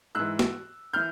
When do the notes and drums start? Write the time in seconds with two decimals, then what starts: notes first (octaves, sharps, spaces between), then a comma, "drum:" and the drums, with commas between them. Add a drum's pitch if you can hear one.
0.15 G#2 E3 E6 F#6
0.39 drum: snare
0.93 E3 F6 G6